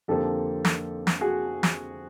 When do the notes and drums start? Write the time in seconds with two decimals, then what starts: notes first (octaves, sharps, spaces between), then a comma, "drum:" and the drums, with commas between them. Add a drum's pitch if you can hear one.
0.08 F2 D3 F3 A#3 G4 A4
0.65 drum: snare
1.07 drum: snare
1.21 F#4 G#4
1.63 drum: snare